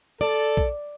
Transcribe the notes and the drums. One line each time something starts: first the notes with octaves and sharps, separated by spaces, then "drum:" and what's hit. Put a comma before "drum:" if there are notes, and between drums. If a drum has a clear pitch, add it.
A4 D5
drum: kick A#1